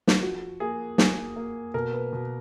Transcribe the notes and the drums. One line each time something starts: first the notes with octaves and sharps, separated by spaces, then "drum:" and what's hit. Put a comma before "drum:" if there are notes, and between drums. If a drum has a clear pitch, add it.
drum: snare
F3 F#4
A#3 G#4
A#3 G#4, drum: snare
A#3
B2 A#4
B4
B2